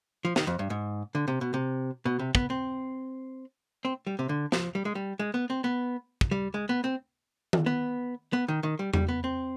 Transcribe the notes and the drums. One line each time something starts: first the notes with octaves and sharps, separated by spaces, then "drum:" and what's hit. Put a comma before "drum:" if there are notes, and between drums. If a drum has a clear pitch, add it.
F3
D#3, drum: snare
F2
G2
G#2
D3
C3
B2
C3
B2
C3
B3, drum: kick
C4
C4
G3
C3
D3
F3, drum: snare
G3
G#3
G3
G#3
B3
C4
B3
drum: kick
G3
G#3
B3
C4
drum: tom D#3
B3
B3
D#3
D#3
G3
G3, drum: tom E2
B3
C4